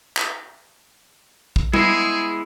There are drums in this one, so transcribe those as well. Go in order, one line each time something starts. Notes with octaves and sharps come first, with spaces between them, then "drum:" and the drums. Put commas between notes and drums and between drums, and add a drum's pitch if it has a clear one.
drum: clap
drum: kick
G#3 B3 E4 G#4, drum: tom G3